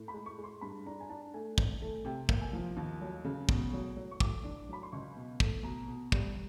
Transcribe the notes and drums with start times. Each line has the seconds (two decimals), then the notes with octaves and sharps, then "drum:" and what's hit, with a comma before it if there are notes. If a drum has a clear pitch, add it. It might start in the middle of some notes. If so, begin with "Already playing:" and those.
Already playing: A2
0.08 B5
0.14 G#3
0.26 C#6
0.38 G#3
0.44 C6
0.61 G2 B5
0.86 D4 A#5
1.00 G#5
1.09 D4 A5
1.34 A3 G#5
1.58 C4, drum: kick
1.82 A3
2.05 C3 G5
2.29 A#3, drum: kick
2.41 G#5
2.53 F3
2.77 D#2
3.01 F#3
3.24 C#3
3.49 B2, drum: kick
3.73 F#3
3.97 F#3
4.11 C#6
4.20 A2 D6, drum: kick
4.44 D4
4.69 F#3 B5
4.83 C6
4.92 C#2 C#6
5.17 B2
5.40 A3, drum: kick
5.63 B2 A#5
5.88 B2
6.12 G3, drum: kick